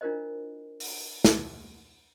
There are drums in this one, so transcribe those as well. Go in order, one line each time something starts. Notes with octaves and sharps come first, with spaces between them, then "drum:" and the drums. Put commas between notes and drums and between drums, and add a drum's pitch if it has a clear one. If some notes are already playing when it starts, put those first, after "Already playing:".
D4 E4 F4 A#4 C5 D#5
drum: open hi-hat
drum: snare